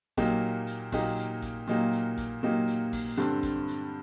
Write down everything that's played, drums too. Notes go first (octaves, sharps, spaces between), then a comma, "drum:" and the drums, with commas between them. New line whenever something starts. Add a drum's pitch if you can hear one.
A#2 F#3 A#3 D#4 G4, drum: kick, hi-hat
drum: hi-hat
A#2 F#3 A#3 D#4 G4, drum: kick, open hi-hat
drum: hi-hat
drum: kick, hi-hat
A#2 F#3 A#3 D#4 G4, drum: hi-hat
drum: hi-hat
drum: kick, hi-hat
A#2 F#3 A#3 D#4 G4
drum: hi-hat
drum: kick, open hi-hat
G2 D3 G3 C4, drum: hi-hat
drum: kick, hi-hat
drum: hi-hat